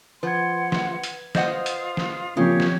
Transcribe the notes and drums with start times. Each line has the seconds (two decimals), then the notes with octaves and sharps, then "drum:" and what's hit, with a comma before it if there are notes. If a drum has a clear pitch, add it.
0.23 F3 B4 F#5 C6 G#6
0.72 drum: snare
1.03 drum: hi-hat
1.35 F4 C5 D#5 F#5 D#6, drum: snare
1.66 drum: hi-hat
1.97 drum: snare
2.37 A#2 C#3 F3 C4 G4 C#5
2.60 drum: snare